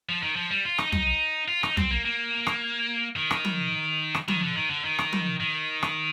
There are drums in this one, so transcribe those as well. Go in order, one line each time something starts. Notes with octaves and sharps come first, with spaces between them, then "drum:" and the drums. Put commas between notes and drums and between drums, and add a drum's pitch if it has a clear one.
F3
D#3
F3
G3
F4
D#4, drum: rim click
D#4, drum: tom
F4
D#4, drum: rim click
C4, drum: tom
A#3
A#3
drum: rim click
D#3
drum: rim click
drum: tom F3
drum: rim click
D#3, drum: tom F3
D3
D#3
D3
D#3
drum: rim click
drum: tom F3
D#3
drum: rim click